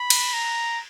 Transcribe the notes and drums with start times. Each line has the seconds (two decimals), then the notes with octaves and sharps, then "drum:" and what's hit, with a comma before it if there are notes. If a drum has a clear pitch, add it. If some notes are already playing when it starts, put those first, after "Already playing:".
Already playing: B5
0.10 drum: cymbal
0.34 A#5